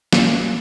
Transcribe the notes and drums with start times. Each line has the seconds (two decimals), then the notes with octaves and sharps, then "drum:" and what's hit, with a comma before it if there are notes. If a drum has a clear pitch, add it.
0.13 A#3, drum: snare